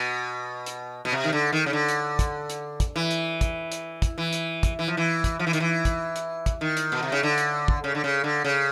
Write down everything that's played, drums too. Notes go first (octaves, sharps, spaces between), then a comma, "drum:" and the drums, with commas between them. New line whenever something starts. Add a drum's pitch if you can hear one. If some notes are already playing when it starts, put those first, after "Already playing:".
Already playing: B2
drum: hi-hat
B2
C3
D#3
D3
D#3
C#3
D3
drum: hi-hat
drum: kick, hi-hat
drum: hi-hat
drum: kick, hi-hat
E3
drum: hi-hat
drum: kick, hi-hat
drum: hi-hat
drum: kick, hi-hat
E3
drum: hi-hat
drum: kick, hi-hat
E3
F3
E3
drum: kick, hi-hat
F3
E3
D#3, drum: hi-hat
E3
drum: kick, hi-hat
drum: hi-hat
drum: kick, hi-hat
D#3
drum: hi-hat
B2
C3
C#3
D3
drum: hi-hat
drum: kick
C#3
D3
C#3
D3
C#3